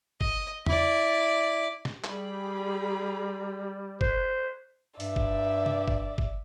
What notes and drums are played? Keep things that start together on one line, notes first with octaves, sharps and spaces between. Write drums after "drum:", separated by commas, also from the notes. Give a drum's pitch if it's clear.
D#5, drum: kick G1
E4 D5, drum: tom E2
drum: snare
G3 G4 G#4 B5, drum: clap
C5, drum: kick G1
G2 D5 E5, drum: open hi-hat
drum: kick G1
drum: tom C3
drum: kick G1
drum: kick G1